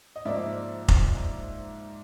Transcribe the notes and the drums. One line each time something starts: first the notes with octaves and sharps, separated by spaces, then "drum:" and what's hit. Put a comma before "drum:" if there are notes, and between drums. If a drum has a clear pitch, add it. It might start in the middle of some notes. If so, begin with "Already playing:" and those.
D#5
G#2 F3 A#3 D5 E5
drum: kick F1